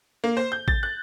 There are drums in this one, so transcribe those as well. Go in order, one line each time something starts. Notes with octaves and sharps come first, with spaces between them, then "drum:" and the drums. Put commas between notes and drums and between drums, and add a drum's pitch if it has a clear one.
A#3
C5
G6
A6, drum: kick A1
F#6